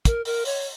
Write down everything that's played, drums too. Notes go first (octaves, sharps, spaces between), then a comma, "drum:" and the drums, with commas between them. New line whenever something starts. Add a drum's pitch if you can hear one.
A#4, drum: kick, hi-hat
A#4, drum: open hi-hat
C#5, drum: open hi-hat